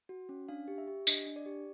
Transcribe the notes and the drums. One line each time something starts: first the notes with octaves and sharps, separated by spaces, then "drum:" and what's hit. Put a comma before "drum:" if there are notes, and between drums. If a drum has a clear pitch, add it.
F#4
C#4
D4 F5
G4
E5
G4
D4 D#5, drum: tambourine
D4
D5
G4